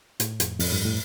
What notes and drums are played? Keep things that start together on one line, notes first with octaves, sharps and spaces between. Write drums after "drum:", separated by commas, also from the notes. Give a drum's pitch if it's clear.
A2, drum: hi-hat
F2, drum: hi-hat
F2, drum: open hi-hat
G2
A2